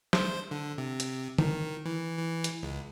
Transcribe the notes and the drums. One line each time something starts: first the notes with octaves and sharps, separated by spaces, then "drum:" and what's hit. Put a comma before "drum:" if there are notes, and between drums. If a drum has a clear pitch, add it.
C5, drum: snare
D3
C3
drum: hi-hat
D#3, drum: tom
E3
E3
drum: hi-hat
C#2